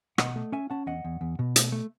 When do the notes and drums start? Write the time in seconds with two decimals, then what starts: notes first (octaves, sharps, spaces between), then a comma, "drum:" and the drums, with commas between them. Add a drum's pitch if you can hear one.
0.18 B2 D#5 F#5, drum: rim click
0.36 A3
0.52 C#4 E5 G#5
0.70 C#4 F#5 A5
0.87 E2 D#5 F#5
1.05 E2
1.21 E2
1.39 B2
1.56 A3, drum: hi-hat
1.72 A3